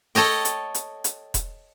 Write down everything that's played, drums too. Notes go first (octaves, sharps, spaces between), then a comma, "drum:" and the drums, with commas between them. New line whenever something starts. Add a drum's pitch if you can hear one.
A4 C#5 D#5 G5, drum: open hi-hat
drum: hi-hat
drum: hi-hat
drum: hi-hat
drum: kick E1, hi-hat